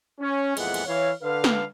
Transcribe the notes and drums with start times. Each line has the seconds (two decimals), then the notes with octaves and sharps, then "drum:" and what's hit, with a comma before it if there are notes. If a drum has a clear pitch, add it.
0.20 C#4
0.57 F2 A#2 E3 G#3 B3 F#5, drum: cymbal
0.74 drum: cymbal
0.87 E3 C#5 F5
1.22 D3 B4 F5
1.44 drum: snare